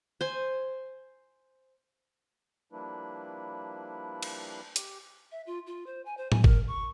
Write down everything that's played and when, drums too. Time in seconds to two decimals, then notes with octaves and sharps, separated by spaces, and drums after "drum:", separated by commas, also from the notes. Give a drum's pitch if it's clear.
0.21 C5 G#5
2.72 F3 G3 A#3 D4 E4 B4
4.23 drum: cymbal
4.76 G4, drum: hi-hat
5.32 E5
5.46 F4
5.66 F4
5.86 C5
6.05 G#5
6.17 C5
6.32 G#5, drum: tom A2
6.44 A#4, drum: kick G1
6.68 C#6